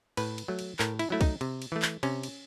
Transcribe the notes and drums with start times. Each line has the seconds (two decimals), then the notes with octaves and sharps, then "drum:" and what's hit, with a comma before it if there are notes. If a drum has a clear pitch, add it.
0.17 A2 B4, drum: cymbal
0.38 drum: cymbal
0.48 F#3 A3
0.59 drum: cymbal
0.79 A2 A#4, drum: clap
0.99 E4, drum: cymbal
1.10 F#3 A3 E4
1.21 D#4, drum: kick, cymbal
1.41 C3, drum: cymbal
1.62 drum: cymbal
1.72 E3 A3
1.82 drum: clap
2.03 C3 C#4, drum: cymbal
2.23 drum: cymbal